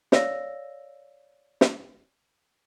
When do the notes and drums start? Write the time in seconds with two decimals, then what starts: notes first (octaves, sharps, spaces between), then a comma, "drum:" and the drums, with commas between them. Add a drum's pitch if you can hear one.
0.12 C#5 D5 F5 E6 A#6, drum: snare
1.61 drum: snare